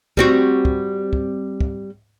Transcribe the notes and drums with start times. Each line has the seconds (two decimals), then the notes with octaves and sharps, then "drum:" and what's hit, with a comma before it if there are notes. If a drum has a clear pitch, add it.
0.17 G3 C4 F#4, drum: kick
0.65 drum: kick
1.13 drum: kick
1.60 drum: kick